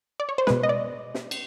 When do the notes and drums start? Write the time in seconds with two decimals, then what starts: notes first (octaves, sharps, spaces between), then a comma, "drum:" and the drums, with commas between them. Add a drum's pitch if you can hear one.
0.20 D5
0.29 C#5
0.38 C5
0.47 B2 G#3 B4, drum: snare
0.63 D#5
0.69 D5
1.14 drum: snare
1.31 drum: cymbal